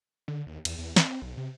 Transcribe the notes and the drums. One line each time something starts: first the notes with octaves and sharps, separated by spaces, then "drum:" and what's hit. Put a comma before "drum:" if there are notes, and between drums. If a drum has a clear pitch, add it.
D3
D#2
E2, drum: cymbal
E2
C4, drum: snare
B1
C3